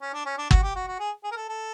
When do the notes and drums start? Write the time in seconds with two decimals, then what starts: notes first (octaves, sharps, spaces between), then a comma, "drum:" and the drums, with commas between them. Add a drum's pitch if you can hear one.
0.01 C#4
0.14 D4
0.26 C#4
0.38 D4
0.51 F#4, drum: kick
0.63 G4
0.75 F#4
0.88 F#4
0.99 G#4
1.24 G#4
1.32 A#4
1.36 A4
1.49 A4